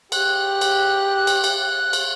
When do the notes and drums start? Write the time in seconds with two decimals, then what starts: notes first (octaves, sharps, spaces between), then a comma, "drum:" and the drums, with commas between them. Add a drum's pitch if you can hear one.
0.12 G4 F#6, drum: cymbal
0.61 drum: cymbal
1.27 drum: cymbal
1.44 drum: cymbal
1.93 drum: cymbal